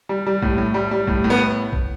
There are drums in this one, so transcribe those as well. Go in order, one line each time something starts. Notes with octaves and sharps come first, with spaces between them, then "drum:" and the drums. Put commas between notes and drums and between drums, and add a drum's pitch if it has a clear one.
G3
G3
A2, drum: kick A#1
A2
G3
G3
A2, drum: kick A#1
A2
B3
drum: kick A#1